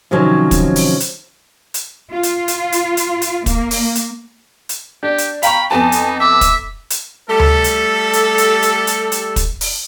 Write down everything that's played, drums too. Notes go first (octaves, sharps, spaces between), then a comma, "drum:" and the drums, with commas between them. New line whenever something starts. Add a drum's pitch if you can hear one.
C3 D#3 F3 F#3 C#4
drum: kick, hi-hat
drum: open hi-hat
drum: hi-hat
drum: hi-hat
F4
drum: hi-hat
drum: hi-hat
drum: hi-hat
drum: hi-hat
drum: hi-hat
A#3, drum: kick, hi-hat
drum: open hi-hat
drum: hi-hat
drum: hi-hat
D4 G4
drum: hi-hat
F5 G5 A#5 B5 C#6, drum: hi-hat
F2 B3 D#4 G#5 A5
drum: hi-hat
E5 D6
drum: kick, hi-hat
drum: hi-hat
G3 A3 G4 A4
drum: tom D2
drum: hi-hat
drum: hi-hat
drum: hi-hat
drum: hi-hat
drum: hi-hat
drum: hi-hat
drum: kick, hi-hat
drum: open hi-hat